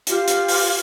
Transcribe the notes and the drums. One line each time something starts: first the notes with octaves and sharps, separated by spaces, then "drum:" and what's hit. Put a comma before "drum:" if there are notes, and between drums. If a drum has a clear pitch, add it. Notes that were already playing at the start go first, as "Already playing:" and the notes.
F4 G4 F5, drum: hi-hat
drum: hi-hat
drum: open hi-hat